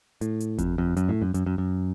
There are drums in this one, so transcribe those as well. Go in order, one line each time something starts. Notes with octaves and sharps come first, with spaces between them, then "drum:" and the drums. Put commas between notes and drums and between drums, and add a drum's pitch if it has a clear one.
A2, drum: hi-hat
drum: hi-hat
F2, drum: kick G1, hi-hat
F2
F#2, drum: hi-hat
A2
F#2
F#2, drum: hi-hat
F#2
F#2